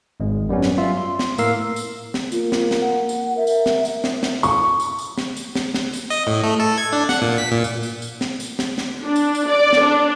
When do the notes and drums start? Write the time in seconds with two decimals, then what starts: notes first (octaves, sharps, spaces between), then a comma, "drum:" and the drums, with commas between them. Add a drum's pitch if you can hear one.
0.20 G#1 G#3
0.49 F#2 G3 B3 C#4
0.63 drum: snare
0.78 F#3 F4 E5
0.97 C6
1.19 drum: snare
1.38 A2 A#3 A#4 E6 C7, drum: tambourine
1.76 drum: tambourine
2.14 drum: snare
2.32 A#3 F4, drum: tambourine
2.52 drum: snare
2.71 drum: snare
2.81 F#5
3.09 drum: tambourine
3.37 A#4 E5
3.47 drum: tambourine
3.66 drum: snare
3.85 drum: tambourine
4.04 drum: snare
4.23 drum: snare
4.43 C#6, drum: tambourine
4.80 drum: tambourine
4.99 drum: tambourine
5.18 drum: snare
5.37 drum: tambourine
5.55 drum: snare
5.74 drum: snare
5.93 drum: tambourine
6.10 D#5, drum: tambourine
6.27 A2
6.43 A3
6.60 A4
6.78 G#6
6.92 D4
7.09 F#5, drum: snare
7.22 A#2
7.38 B6
7.52 A#2
7.64 drum: tambourine
7.83 drum: tambourine
8.02 drum: tambourine
8.21 drum: snare
8.40 drum: tambourine
8.59 drum: snare
8.78 drum: snare
9.03 D4
9.16 drum: tambourine
9.35 drum: tambourine
9.48 D5
9.73 drum: snare
9.83 D4